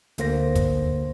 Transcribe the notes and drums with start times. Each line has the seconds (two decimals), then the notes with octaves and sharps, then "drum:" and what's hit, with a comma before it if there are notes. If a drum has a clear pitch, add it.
0.18 D2 D3 A#3 C5 A#6, drum: hi-hat
0.55 drum: kick, hi-hat